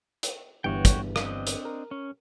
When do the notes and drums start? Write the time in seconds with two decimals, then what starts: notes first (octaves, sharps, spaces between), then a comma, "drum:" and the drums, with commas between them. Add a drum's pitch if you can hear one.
0.23 drum: hi-hat
0.64 G1 G2 E3 F#4 C#5 G5
0.85 drum: kick, hi-hat
1.16 C4 D4 D#5, drum: rim click
1.47 drum: hi-hat
1.65 A#4
1.91 C#4